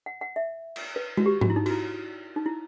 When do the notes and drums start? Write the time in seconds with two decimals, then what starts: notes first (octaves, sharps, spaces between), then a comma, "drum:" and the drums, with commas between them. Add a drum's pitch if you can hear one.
0.06 F#5
0.21 F#5
0.36 E5
0.76 drum: cymbal
0.96 B4
1.17 F#4, drum: tom G#3
1.26 G4
1.41 F#4, drum: tom G#2
1.50 E4
1.56 D#4
1.66 F#4, drum: cymbal
1.71 E4
2.36 D#4
2.46 E4